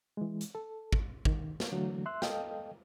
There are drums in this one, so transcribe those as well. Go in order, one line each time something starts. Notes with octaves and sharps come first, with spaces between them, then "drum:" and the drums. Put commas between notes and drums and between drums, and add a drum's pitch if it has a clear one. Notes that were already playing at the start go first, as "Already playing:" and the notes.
E3 G#3
drum: hi-hat
A4
drum: kick
D#3, drum: kick
drum: snare
D3 E3 F#3 A3
E5 C6 E6 F#6
A4 D#5 F5 G5, drum: snare